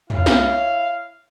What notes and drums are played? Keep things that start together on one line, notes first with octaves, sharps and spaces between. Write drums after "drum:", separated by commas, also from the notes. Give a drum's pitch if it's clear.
E4 C#5 F5, drum: tom
drum: snare